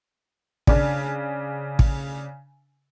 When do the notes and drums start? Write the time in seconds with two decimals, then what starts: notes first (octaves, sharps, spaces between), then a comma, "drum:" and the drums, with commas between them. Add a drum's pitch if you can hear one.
0.67 C#3 D4, drum: kick
1.79 drum: kick